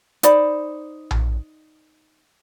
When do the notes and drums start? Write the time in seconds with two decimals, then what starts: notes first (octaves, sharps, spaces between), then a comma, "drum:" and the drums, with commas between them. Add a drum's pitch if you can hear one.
0.23 D#4 C5 D5 B5, drum: hi-hat
1.11 drum: tom A#1